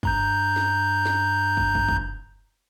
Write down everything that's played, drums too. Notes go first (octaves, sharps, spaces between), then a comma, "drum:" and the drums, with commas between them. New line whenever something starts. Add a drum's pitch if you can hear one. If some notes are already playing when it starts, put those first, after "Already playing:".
G2 A#5 G6, drum: kick
drum: snare
drum: snare
drum: kick
drum: kick
drum: kick